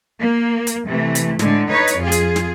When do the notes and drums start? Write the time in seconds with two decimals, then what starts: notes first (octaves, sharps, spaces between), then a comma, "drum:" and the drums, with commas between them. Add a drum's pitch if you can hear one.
0.19 A#3
0.67 drum: hi-hat
0.85 C3 E3 A3
1.15 drum: hi-hat
1.39 A2 D3 G#3, drum: snare
1.69 D#4 B4 C#5
1.87 drum: hi-hat
1.98 F2 F4 G#4
2.12 drum: hi-hat
2.36 drum: snare